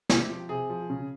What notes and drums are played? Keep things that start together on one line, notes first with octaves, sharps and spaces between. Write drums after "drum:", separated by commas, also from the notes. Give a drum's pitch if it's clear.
C3 G4, drum: snare
F3
C3 G#4
F3
C#3